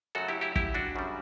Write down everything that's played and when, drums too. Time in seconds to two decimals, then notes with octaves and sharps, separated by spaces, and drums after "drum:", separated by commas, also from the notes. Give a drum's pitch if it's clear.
0.15 F#2 C#3 F#3 A3 F#4 A4
0.28 E4 G4
0.41 E4 G4
0.56 E4 G4, drum: kick
0.74 D4 F#4
0.96 F#2 C#3 G3